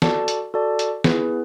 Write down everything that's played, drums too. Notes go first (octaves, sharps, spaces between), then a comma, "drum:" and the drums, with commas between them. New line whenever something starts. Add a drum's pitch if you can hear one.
F#4 A4 D5 A5, drum: snare
drum: hi-hat
F#4 A4 D5 A5
drum: hi-hat
B3 E4 G#4 B4, drum: snare